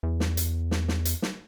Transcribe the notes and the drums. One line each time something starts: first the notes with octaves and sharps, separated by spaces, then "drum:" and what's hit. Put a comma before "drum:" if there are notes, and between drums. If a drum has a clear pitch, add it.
E2
drum: snare
drum: hi-hat
drum: snare
drum: snare
drum: hi-hat
drum: snare